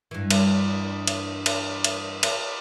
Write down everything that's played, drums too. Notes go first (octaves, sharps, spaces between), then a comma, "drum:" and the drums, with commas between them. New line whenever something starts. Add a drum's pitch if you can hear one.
G2 E3
drum: cymbal
drum: cymbal
drum: cymbal
drum: cymbal
drum: cymbal